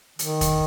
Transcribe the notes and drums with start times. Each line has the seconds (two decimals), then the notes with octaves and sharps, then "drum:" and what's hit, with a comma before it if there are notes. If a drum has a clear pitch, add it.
0.19 D#3, drum: hi-hat
0.41 drum: kick, hi-hat